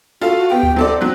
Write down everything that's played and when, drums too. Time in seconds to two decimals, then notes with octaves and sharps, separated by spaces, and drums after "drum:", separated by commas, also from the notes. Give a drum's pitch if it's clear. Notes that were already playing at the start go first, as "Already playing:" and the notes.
0.21 F4 F#4 A4 F5
0.37 F#4
0.50 B3 G4 G5
0.63 drum: tom D2
0.76 F#3 C4 A4 D5
1.01 F#3 F#6